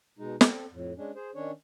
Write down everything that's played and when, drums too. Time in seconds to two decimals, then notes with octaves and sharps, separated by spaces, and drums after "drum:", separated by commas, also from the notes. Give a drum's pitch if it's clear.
0.19 B2 G#3 D#4
0.41 C4 A4, drum: snare
0.72 F2 A2
0.97 G#3 C#4 D4
1.16 G#4 C5
1.35 D#3 C#4 D4 C#5